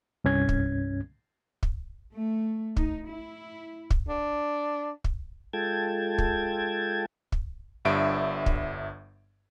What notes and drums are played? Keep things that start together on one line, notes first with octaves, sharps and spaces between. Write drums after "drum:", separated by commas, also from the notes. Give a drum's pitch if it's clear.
C2 G2 C#4 G#6
drum: kick
drum: kick
A3
D#4, drum: kick
E4
drum: kick
D4
drum: kick
G#3 F4 A4 G5 A5 G#6
drum: kick
drum: kick
G1 G2 E5 D7
drum: kick